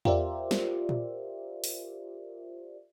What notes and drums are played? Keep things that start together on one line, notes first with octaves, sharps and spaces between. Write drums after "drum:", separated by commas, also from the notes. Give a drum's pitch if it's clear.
F4 G4 A#4 C5 D5 E5, drum: tom E2
drum: snare
drum: tom A#2
drum: open hi-hat